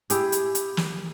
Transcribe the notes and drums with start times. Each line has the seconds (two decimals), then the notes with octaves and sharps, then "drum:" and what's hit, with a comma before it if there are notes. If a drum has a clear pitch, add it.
0.10 E4 G4 G#4, drum: hi-hat
0.32 drum: hi-hat
0.55 drum: hi-hat
0.77 drum: snare